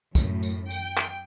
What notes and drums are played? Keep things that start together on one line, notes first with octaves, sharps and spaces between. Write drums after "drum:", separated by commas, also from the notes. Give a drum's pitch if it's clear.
F#2 A2, drum: kick, tambourine
drum: tambourine
G5, drum: tambourine
drum: clap